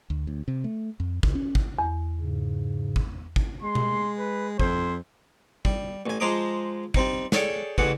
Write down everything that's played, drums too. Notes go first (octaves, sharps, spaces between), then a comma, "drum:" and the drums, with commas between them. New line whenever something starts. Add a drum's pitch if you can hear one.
D2
D2
C3
A3
F2
C#2, drum: kick
C#4
drum: kick
E2
G#2 C#3
drum: kick
drum: kick
G#3 C6
drum: tom B2
B4
F2 C5, drum: kick
G3, drum: kick
A1 G#5
F3 G#3 C5 A#5 D6 D#6
G3 C4 D#4, drum: kick
G#4 A4 C#5 D5 G5, drum: snare
A1 C#3 E3 F#5 D#6, drum: kick